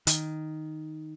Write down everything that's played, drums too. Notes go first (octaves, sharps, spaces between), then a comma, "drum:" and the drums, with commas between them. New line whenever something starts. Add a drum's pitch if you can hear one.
D#3, drum: hi-hat